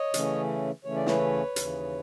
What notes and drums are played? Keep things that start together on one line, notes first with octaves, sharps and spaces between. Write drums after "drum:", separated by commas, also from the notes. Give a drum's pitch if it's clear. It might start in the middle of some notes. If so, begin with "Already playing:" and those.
Already playing: C#5 D#5
C#3 E3 A3 C#4, drum: hi-hat
C#3 E3 A3 C#4 C#5
D5
B4 C#5, drum: snare
D#2 C#3 E3, drum: hi-hat